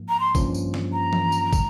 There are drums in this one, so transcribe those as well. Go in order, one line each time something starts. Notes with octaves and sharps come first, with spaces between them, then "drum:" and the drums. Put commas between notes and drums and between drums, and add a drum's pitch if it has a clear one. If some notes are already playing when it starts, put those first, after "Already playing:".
Already playing: G#2 F3 A#3
A#5
C6
G2 F3 A#3 C#4 F4, drum: kick, tambourine
drum: tambourine
drum: snare
A#5
drum: tom E3
drum: tambourine
D#3 G#3, drum: kick, tambourine